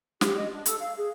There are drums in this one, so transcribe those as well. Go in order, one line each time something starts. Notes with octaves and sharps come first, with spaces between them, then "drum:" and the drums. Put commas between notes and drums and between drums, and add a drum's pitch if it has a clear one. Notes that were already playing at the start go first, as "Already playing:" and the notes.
G4, drum: snare
D#5
D4
A4, drum: hi-hat
F5
G#4